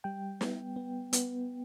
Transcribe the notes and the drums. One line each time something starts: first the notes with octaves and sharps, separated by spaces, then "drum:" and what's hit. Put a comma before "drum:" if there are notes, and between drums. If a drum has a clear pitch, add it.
G3 G5
B3, drum: snare
B3
B3, drum: hi-hat